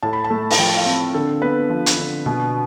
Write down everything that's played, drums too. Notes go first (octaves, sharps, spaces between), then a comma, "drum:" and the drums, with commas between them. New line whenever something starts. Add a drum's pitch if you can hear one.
A2 A5
B5
A5
A3
A5, drum: open hi-hat
F3 G5
F5
C4
D3 A4
B3 B4
F3
drum: hi-hat
D3
B2